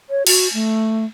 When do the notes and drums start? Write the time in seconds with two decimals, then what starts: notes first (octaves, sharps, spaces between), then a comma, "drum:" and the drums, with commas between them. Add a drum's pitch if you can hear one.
0.10 C#5
0.27 F#4, drum: cymbal
0.54 A3